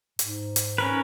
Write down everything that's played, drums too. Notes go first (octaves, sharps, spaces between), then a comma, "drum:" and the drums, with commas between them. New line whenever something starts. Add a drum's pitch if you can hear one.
G#2, drum: hi-hat
drum: hi-hat
C#4 A#4 B4